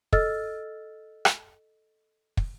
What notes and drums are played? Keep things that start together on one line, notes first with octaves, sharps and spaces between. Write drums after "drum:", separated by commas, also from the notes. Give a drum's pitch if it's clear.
A4 D#5 E6 F6 A6, drum: kick
drum: rim click
drum: kick